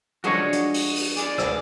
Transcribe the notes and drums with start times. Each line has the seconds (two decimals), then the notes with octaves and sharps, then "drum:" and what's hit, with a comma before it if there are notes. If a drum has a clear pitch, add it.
0.24 F3 G#3 D4 F#4 G#4 C#5
0.53 drum: hi-hat
0.74 drum: open hi-hat
0.95 drum: open hi-hat
1.17 G#4 D5, drum: hi-hat
1.38 drum: rim click